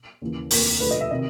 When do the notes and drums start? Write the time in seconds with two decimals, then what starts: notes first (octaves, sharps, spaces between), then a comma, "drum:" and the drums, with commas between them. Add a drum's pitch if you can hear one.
0.22 D#2 C#3 E3
0.51 F1 D#2 D3 A#4, drum: open hi-hat
0.80 D2 D3 F3 B4
0.91 D#5
1.01 E5
1.11 C3 D#3 D#5